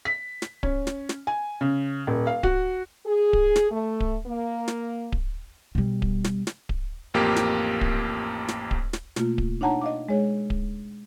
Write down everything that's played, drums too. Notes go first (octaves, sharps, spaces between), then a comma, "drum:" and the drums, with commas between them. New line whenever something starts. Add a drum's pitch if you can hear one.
B6
drum: snare
C#4, drum: kick D1
drum: snare
drum: snare
G#5
C#3
D#1
F5
F#4, drum: kick D1
G#4
drum: kick D1
drum: snare
A3
drum: kick D1
A#3
drum: snare
drum: kick D1
B2 G3
drum: kick D1
drum: snare
drum: snare
drum: kick D1
A1 F2 A#3 G4
drum: snare
drum: kick D1
drum: snare
drum: kick D1
drum: snare
B2 A3 A#3 F4, drum: snare
drum: kick D1
D4 D#4 C#5 F#5 A5 A#5
D#5 F5 D6
G#3 G#4 C#5
drum: kick D1